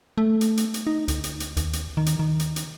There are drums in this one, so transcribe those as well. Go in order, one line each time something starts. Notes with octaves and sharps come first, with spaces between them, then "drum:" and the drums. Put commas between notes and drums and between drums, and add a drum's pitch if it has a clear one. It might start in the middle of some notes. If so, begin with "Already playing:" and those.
A3
drum: hi-hat
drum: hi-hat
drum: hi-hat
D#4
D2, drum: hi-hat
drum: hi-hat
drum: hi-hat
D#2, drum: hi-hat
drum: hi-hat
D#3
drum: hi-hat
D#3
drum: hi-hat
drum: hi-hat